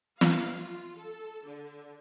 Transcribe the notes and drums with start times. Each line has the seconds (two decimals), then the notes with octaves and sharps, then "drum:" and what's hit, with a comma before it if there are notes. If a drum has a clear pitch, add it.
0.21 F5, drum: snare
0.57 F4
0.97 A4
1.47 D3